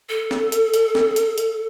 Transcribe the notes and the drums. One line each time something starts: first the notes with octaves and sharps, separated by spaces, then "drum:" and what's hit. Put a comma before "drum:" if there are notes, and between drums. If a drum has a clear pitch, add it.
A4
drum: snare
drum: hi-hat
drum: hi-hat
drum: snare
drum: hi-hat
drum: hi-hat